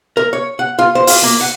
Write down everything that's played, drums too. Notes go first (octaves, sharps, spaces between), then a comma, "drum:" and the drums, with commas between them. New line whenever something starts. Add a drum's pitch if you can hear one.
A#4
C#5
F#5
F4
C5
F4, drum: open hi-hat
A#3
F#5